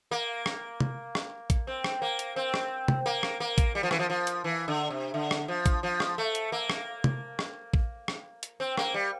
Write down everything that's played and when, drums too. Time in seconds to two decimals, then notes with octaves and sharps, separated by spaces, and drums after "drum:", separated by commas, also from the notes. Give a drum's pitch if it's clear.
0.11 A#3
0.46 drum: rim click
0.80 drum: tom C3
1.15 drum: rim click
1.50 drum: kick A#1, hi-hat
1.67 C4
1.84 drum: rim click
2.02 A#3
2.19 drum: hi-hat
2.36 C4
2.54 drum: rim click
2.88 drum: tom C3
3.06 A#3
3.23 drum: rim click
3.40 A#3
3.58 drum: kick A#1, hi-hat
3.75 G3
3.83 F3
3.91 E3, drum: rim click
3.99 F3
4.10 F3
4.27 drum: hi-hat
4.44 E3
4.68 D3
4.90 C3
5.14 D3
5.31 drum: rim click
5.48 F3
5.66 drum: kick A#1, hi-hat
5.83 F3
6.00 drum: rim click
6.18 A3
6.35 drum: hi-hat
6.52 A#3
6.70 drum: rim click
7.04 drum: tom C3
7.39 drum: rim click
7.74 drum: kick A#1
8.08 drum: rim click
8.43 drum: hi-hat
8.60 C4
8.77 A#3, drum: rim click
8.94 G3